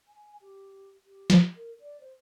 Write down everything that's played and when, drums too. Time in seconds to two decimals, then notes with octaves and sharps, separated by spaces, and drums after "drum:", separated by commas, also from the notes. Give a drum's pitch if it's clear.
0.08 G#5
0.41 G4
1.06 G4
1.30 drum: snare
1.56 A#4
1.80 D5
2.00 C5